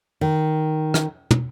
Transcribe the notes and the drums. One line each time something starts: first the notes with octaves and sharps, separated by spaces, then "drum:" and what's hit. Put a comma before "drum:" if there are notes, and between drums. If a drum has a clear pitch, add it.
D#3
drum: rim click
drum: tom